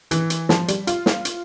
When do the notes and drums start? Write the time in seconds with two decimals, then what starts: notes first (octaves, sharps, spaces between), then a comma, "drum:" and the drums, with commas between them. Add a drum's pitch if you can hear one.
0.11 E3, drum: hi-hat
0.30 drum: hi-hat
0.49 F3, drum: snare
0.68 G3, drum: hi-hat
0.87 F4, drum: hi-hat
1.06 drum: snare
1.25 drum: hi-hat